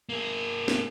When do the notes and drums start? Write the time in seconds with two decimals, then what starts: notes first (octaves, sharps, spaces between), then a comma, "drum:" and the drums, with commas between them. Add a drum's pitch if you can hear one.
0.09 A#3 G#4
0.68 drum: snare